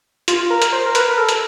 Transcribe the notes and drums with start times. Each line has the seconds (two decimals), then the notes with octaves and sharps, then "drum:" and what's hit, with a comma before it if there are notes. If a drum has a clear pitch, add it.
0.28 F4, drum: hi-hat
0.50 A#4
0.62 drum: hi-hat
0.73 C5
0.86 A#4
0.95 B4, drum: hi-hat
1.09 A#4
1.18 A4
1.29 drum: hi-hat